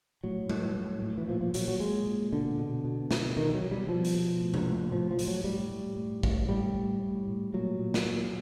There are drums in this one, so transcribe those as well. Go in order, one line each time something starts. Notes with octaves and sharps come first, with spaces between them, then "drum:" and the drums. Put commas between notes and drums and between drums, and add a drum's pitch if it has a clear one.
A2 F#3
A2, drum: tom G3
A2
A2
E3
A#2 F3
F3
A#2 F#3, drum: hi-hat
F#3
A#2 G#3
A#2
B2 D3
B2
B2
B2, drum: snare
B2 D#3
F#3
B2
G3
B2 F3
drum: hi-hat
B2
A2
drum: tom C3
A2
A2 F3
F3
A2, drum: hi-hat
F#3
A2 G3
A2
A2
A2, drum: kick
A2 G3
A2
A2
A2
A#2 F#3
A#2
drum: snare
A#2